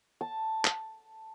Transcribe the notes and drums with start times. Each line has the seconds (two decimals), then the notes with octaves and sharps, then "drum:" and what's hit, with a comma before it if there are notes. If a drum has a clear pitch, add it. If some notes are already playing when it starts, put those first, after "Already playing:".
0.21 A5
0.65 drum: clap